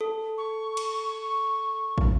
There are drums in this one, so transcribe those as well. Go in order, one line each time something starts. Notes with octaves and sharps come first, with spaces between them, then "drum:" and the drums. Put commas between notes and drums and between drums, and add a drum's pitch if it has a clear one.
A4
C#6
drum: cymbal
drum: kick